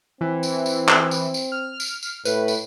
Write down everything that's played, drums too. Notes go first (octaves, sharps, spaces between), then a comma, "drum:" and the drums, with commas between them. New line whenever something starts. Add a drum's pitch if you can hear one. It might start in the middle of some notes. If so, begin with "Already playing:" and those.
E3 C4
drum: tambourine
drum: tambourine
drum: clap
drum: tambourine
drum: tambourine
F6
drum: tambourine
drum: tambourine
A2 B4, drum: tambourine
drum: tambourine